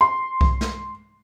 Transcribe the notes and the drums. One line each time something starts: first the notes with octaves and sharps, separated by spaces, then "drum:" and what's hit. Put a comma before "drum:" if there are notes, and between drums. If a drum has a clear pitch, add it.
C6
drum: kick C2
drum: snare